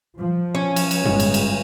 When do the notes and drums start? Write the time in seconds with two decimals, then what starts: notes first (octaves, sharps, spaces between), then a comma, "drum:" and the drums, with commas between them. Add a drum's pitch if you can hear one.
0.19 F3
0.55 C#4
0.76 drum: cymbal
0.91 drum: cymbal
1.05 G1 G#3, drum: tom A2
1.20 drum: cymbal
1.34 drum: cymbal